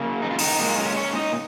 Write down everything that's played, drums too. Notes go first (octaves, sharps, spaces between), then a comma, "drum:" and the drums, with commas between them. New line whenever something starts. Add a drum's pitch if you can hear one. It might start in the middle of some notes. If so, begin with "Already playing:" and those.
Already playing: C#3 A#3
D#4
F4
D#3 D#4, drum: open hi-hat
A#2 G#3 A#3
C#4
C#4 C#5
D#4 D#5